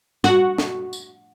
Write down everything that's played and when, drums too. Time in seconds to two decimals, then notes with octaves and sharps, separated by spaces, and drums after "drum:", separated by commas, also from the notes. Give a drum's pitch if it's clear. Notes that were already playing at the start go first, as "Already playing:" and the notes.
0.24 F#4, drum: snare
0.58 drum: snare
0.93 drum: tambourine